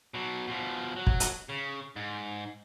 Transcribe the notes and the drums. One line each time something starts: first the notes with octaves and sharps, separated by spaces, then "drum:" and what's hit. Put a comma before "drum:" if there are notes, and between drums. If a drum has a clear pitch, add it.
B2 F#3
B2 F3
F#3
drum: kick
drum: hi-hat
C#3
G#2